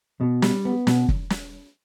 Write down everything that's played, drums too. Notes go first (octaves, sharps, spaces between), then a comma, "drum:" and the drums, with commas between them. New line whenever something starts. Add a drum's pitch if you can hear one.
B2
G3, drum: snare
B3
B2, drum: snare
drum: kick
drum: snare